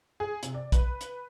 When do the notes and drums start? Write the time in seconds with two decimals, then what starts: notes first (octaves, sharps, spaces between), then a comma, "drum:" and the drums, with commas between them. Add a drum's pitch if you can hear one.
0.20 G#4
0.43 C3, drum: hi-hat
0.54 D5
0.72 B4, drum: kick, hi-hat
1.01 drum: hi-hat